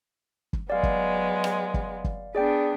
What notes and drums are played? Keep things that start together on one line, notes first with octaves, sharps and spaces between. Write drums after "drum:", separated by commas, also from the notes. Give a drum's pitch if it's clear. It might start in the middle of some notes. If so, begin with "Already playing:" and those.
drum: kick
F#3 G#3 B3 D5 F5
drum: kick
drum: rim click
drum: kick
drum: kick
B3 D4 G#4 D5 G5